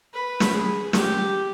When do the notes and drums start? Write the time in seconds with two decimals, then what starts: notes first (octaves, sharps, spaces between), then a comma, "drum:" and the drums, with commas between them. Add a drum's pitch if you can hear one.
0.13 B4
0.40 drum: snare
0.53 G#4
0.93 G4, drum: snare